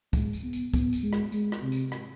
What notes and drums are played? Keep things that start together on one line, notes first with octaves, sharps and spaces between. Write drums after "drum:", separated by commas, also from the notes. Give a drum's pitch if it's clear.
G#3, drum: kick, tambourine
drum: tambourine
B3
drum: tambourine
B3, drum: kick, tambourine
drum: tambourine
G#3
drum: rim click
G#3, drum: tambourine
drum: rim click
C3
drum: tambourine
drum: rim click